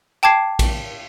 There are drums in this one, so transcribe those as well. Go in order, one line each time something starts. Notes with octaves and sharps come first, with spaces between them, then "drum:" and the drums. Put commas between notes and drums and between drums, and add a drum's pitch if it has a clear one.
G5 A5 D6 G#6 C7
drum: kick A#1, cymbal